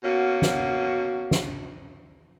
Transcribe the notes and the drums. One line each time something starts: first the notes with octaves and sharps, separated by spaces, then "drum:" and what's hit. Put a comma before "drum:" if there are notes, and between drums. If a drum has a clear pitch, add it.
B2 A#3 C#4 F#4
drum: snare
drum: snare